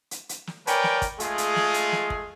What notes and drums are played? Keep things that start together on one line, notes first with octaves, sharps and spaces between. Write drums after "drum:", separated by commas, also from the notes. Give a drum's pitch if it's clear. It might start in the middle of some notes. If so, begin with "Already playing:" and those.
drum: hi-hat
drum: hi-hat
drum: snare
A#4 B4 C#5 D5 G5 G#5, drum: hi-hat
drum: snare
drum: kick, hi-hat
G#3 A3 F4 G#4, drum: hi-hat
drum: hi-hat
drum: snare
drum: hi-hat
drum: snare
drum: kick